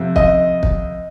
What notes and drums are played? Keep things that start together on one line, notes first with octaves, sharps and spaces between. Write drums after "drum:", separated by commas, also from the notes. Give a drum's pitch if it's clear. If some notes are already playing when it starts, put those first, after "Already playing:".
Already playing: F2 C3
D#5, drum: kick
drum: kick